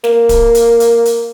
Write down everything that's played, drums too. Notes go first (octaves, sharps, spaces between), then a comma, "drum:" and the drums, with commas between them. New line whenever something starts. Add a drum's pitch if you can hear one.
A#3, drum: snare
drum: kick D1, hi-hat
drum: hi-hat
drum: hi-hat
drum: hi-hat